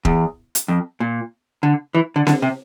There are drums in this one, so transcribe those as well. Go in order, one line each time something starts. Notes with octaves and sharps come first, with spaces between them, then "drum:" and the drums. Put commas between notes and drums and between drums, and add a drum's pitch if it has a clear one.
E2, drum: kick
drum: hi-hat
F2
A#2
D3
E3
D3
D3, drum: snare C4
C3